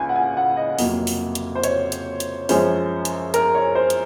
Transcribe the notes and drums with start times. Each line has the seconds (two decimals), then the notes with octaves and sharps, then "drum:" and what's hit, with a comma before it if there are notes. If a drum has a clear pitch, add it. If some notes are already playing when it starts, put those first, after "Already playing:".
Already playing: C#2 C#3 G#5
0.09 F#5
0.16 G#5
0.37 F#5
0.57 D#5
0.79 F2 C3 F#3 A#3, drum: open hi-hat
1.07 drum: open hi-hat
1.35 drum: hi-hat
1.55 C5
1.64 C#5, drum: hi-hat
1.92 drum: hi-hat
2.20 drum: hi-hat
2.49 F#2 F3 G#3 C#4 C5, drum: open hi-hat
3.05 drum: hi-hat
3.34 A#4, drum: hi-hat
3.55 C#5
3.75 C5
3.90 drum: hi-hat